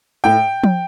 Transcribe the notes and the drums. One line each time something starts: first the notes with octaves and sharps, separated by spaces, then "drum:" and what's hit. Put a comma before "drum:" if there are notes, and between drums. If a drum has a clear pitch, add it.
A2 G5
drum: tom F3